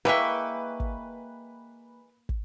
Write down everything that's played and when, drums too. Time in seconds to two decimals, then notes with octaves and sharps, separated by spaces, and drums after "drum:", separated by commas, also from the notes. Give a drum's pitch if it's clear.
0.05 E3 G#3 A#3 B4 E5 G5 C#6
0.80 drum: kick
2.29 drum: kick